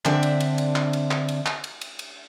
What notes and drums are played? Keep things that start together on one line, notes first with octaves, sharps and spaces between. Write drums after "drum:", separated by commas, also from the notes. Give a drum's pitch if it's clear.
D3 C4 D4 E5, drum: clap
drum: cymbal
drum: cymbal
drum: cymbal
drum: clap
drum: cymbal
drum: clap
drum: cymbal
drum: clap
drum: cymbal
drum: cymbal
drum: cymbal